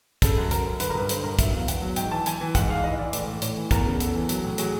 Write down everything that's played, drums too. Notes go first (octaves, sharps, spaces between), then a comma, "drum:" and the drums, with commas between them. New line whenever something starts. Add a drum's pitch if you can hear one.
C#3 A4, drum: kick, hi-hat
F#2
F#2 A#4, drum: hi-hat
F#2
D3 B4, drum: hi-hat
A#4
G2 B4
D3 C5, drum: hi-hat
G2 A#4
F#3 E5, drum: kick, hi-hat
E2 F5
E2 F#5, drum: hi-hat
F#3
G#2 G5, drum: hi-hat
E3 A5
E3 G#5, drum: hi-hat
E3
G#2 F#5, drum: kick, hi-hat
G#2 F5
E3 D#5
E3 D5
A2 D5, drum: hi-hat
A2
A2 C#5, drum: hi-hat
E3
E2 A#4, drum: kick, hi-hat
C#3
E2 A4, drum: hi-hat
E3
F#3, drum: hi-hat
A2
F#3 G#4, drum: hi-hat